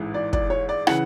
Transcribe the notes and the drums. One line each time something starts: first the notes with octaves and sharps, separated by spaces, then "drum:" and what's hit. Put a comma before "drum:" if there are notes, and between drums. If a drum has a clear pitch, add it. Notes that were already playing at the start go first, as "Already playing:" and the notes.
Already playing: A1 G#2 E3 G#3
D5
D5, drum: kick
C#5
D5
C#3 E3 F#5, drum: rim click